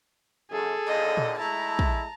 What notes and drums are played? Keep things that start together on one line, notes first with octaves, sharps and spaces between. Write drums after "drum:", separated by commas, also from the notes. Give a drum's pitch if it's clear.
F#2 C#3 G#4 A4
D#2 A#2 D3 D#5
drum: tom A#2
G#3 A3 E4 A5 A#5
drum: kick